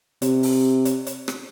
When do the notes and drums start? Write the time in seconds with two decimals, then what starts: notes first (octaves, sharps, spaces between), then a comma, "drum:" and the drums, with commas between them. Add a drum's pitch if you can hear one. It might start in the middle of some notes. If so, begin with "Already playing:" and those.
0.22 C3, drum: hi-hat
0.43 drum: open hi-hat
0.85 drum: hi-hat
1.07 drum: hi-hat
1.28 drum: rim click